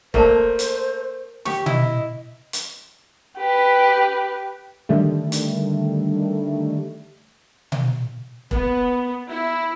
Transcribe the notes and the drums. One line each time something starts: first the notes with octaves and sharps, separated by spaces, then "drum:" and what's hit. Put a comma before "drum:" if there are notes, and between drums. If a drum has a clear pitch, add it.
A3 A#3 A#4 C5 D5 A5, drum: kick E1
drum: hi-hat
G4 C#6, drum: snare
E4 D#5, drum: tom B2
drum: hi-hat
G4 B4
D3 D#3 G3 A3
drum: hi-hat
drum: tom B2
B3, drum: kick E1
E4